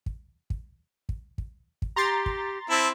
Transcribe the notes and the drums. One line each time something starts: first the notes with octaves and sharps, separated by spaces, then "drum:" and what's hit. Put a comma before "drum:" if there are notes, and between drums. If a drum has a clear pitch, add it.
drum: kick
drum: kick
drum: kick
drum: kick
drum: kick
G4 A#5 C6 A6
drum: kick
C4 E4 A5